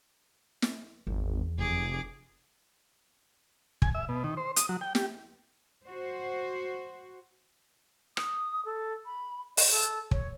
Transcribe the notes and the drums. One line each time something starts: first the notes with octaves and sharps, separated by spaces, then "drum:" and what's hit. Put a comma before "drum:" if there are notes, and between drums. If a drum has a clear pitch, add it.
drum: snare
G#1 E2
F1 G#4 D6
G#5, drum: kick
E5
B2
D#3
C5
D#6, drum: hi-hat
F#3
G5
G4, drum: snare
F#4 C5
D#6, drum: rim click
A4
B5
D#5, drum: open hi-hat
A4
C#5, drum: kick